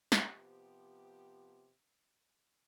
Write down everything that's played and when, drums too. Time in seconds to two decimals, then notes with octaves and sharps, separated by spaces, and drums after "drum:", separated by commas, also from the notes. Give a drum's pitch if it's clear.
0.12 drum: snare
0.24 C3 F3 B3 G4